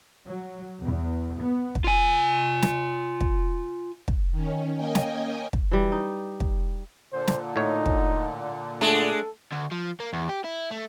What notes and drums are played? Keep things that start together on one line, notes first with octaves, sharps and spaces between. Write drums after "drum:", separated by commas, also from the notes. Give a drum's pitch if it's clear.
F#3
E2
B3
drum: kick
F4 G#5
drum: snare
drum: kick
drum: kick
D#3 C#4
A#3 C#4 D#5 G5 G#5
drum: snare
drum: kick
E3 G3
D#4
drum: kick
A#2 D3 C5
drum: snare
A2 D#4 C#5
drum: kick
G#3 A3 D4 A4
D2
F3
A#3
E2
G4
E4
A3